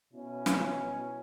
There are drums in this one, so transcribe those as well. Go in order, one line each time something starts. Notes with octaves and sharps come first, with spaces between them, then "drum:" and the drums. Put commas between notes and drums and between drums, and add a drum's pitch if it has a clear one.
B2 C#4 E4
drum: snare